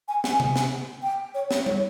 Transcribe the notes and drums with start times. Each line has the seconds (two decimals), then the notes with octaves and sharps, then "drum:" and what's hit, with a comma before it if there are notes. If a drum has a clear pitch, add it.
0.08 G#5
0.24 G#5, drum: snare
0.40 drum: tom
0.56 drum: snare
1.03 G5
1.34 C#5
1.51 C#5, drum: snare
1.66 C#5, drum: tom G3